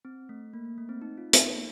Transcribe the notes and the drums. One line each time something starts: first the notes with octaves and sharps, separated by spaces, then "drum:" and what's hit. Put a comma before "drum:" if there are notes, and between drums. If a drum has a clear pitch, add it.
C4
A3
A#3
A#3
A3
C4
D#4
F4
D#4, drum: hi-hat
A#3